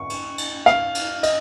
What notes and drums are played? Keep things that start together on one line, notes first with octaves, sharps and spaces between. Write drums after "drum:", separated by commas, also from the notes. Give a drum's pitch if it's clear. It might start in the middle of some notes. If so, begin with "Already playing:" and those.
Already playing: C#6
drum: cymbal
drum: cymbal
F5, drum: rim click
drum: cymbal
D#5, drum: cymbal